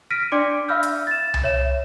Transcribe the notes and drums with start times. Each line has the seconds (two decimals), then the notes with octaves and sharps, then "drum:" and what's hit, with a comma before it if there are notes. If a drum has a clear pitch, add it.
0.10 F6 A#6 B6 D7 D#7
0.32 D4 D5 C6 D6 C#7
0.68 E5 F5 B5 E6 F6 G6
0.83 drum: hi-hat
1.07 A6 E7
1.34 drum: tom C2
1.44 C#5 E5 E7